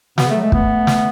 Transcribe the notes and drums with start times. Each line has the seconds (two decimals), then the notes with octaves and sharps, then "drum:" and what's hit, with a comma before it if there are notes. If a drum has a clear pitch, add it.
0.18 B2 B3, drum: snare
0.26 C#3
0.29 A3
0.35 F#3
0.41 G#3 A3
0.52 A3 B3, drum: kick
0.87 drum: snare